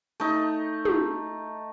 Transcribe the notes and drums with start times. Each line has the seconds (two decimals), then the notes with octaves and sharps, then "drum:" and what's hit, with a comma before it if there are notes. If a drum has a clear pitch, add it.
0.20 A3 D#4
0.85 drum: tom